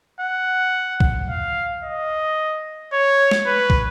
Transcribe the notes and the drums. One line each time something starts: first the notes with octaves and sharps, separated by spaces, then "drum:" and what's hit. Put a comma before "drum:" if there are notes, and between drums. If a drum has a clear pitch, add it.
F#5
drum: kick
F5
D#5
C#5
drum: snare
B4
drum: kick